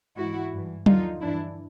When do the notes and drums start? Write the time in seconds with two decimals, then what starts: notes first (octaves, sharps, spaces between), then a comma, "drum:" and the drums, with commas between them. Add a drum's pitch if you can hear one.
0.16 G#2 E3 E4 F#4
0.52 G2 E3
0.86 D#2 D3 F3 D#4 F4, drum: tom F#3
1.20 G2 E3 D4 E4